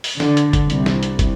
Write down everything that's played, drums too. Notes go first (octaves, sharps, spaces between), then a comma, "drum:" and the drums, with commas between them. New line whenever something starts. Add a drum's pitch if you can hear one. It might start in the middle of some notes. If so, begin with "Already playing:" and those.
drum: open hi-hat
D3, drum: snare
drum: hi-hat
drum: kick, hi-hat
C2, drum: hi-hat
drum: snare
drum: hi-hat
drum: kick, hi-hat